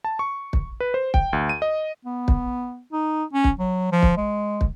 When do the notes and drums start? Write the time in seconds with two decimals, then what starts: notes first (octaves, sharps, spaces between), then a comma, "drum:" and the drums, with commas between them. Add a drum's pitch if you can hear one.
0.04 A5
0.19 C#6
0.53 drum: kick
0.80 B4
0.94 C5
1.14 G5, drum: kick
1.33 D2
1.49 D#7
1.62 D#5
2.05 B3
2.28 drum: kick
2.93 D#4
3.33 C#4
3.44 drum: kick
3.59 F#3
3.92 F3
4.03 drum: kick
4.17 G#3
4.61 drum: kick